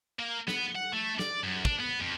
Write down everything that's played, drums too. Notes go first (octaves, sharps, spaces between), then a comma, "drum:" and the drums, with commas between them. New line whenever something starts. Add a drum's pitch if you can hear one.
A#3
B3, drum: snare
F#5
A3
D5, drum: snare
F#2
D4, drum: kick
B3
F2